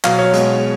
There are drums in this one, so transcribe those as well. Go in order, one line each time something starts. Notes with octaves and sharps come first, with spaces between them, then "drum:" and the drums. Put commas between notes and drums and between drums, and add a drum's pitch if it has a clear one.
B2 F#3 F5, drum: clap
C#5
B2 G#3, drum: hi-hat